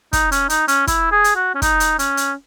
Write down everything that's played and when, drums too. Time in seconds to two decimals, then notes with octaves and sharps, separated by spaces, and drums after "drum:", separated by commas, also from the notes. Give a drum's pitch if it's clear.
0.13 D#4, drum: kick, hi-hat
0.32 C#4, drum: hi-hat
0.50 D#4, drum: hi-hat
0.68 C#4, drum: hi-hat
0.87 E4, drum: kick, hi-hat
1.12 G#4
1.24 drum: hi-hat
1.36 F#4
1.55 C#4
1.62 D#4, drum: kick, hi-hat
1.80 drum: hi-hat
1.99 C#4, drum: hi-hat
2.17 drum: hi-hat